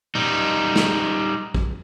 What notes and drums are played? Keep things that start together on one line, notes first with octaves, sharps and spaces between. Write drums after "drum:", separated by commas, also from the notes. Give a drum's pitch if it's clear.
G3 D#4
drum: snare
drum: kick